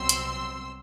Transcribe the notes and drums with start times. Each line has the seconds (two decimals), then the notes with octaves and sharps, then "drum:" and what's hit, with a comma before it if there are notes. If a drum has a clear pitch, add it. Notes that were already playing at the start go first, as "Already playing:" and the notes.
Already playing: C2 B2 F#3 C4 C6 E6
0.09 drum: hi-hat